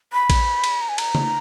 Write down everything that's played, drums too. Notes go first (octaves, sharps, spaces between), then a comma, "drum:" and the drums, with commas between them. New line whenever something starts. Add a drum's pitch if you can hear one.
B5
drum: kick A#1, cymbal
drum: cymbal
A#5
G#5
A#5, drum: cymbal
drum: tom C#3